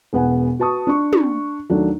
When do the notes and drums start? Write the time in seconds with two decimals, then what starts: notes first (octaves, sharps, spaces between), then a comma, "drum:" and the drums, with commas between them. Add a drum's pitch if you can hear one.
0.13 E1 B3 F#5 G#5
0.59 F#4 B4 A5 C#6 D#6
0.87 D4 C#6
1.13 drum: tom
1.70 D#2 F#3 A3 D4